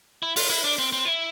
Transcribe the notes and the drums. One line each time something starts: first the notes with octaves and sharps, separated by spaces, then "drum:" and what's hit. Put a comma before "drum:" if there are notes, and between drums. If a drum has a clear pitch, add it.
E4
F4, drum: open hi-hat
E4
D4
C4
C4
E4